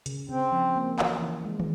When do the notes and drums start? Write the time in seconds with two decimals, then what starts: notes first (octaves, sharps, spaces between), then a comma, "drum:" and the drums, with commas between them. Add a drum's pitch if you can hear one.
0.06 C#3, drum: hi-hat
0.29 C#3 C4
0.52 F3
0.76 A#3
0.99 E3, drum: clap
1.22 E3
1.44 G#3
1.60 drum: tom